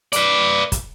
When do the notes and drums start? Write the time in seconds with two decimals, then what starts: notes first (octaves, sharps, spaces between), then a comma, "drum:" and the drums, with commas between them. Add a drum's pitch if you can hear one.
0.13 B4 D5, drum: hi-hat
0.72 drum: kick, hi-hat